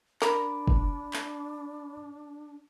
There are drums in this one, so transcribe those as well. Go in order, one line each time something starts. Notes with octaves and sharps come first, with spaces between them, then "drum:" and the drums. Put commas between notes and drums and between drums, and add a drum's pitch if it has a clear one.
D4 A#4 B5 D6, drum: clap
drum: kick
drum: clap